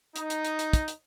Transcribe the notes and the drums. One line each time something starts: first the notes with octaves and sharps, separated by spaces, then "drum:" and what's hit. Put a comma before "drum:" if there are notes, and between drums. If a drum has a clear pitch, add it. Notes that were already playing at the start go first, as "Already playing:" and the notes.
D#4, drum: hi-hat
drum: hi-hat
drum: hi-hat
drum: hi-hat
drum: kick, hi-hat
drum: hi-hat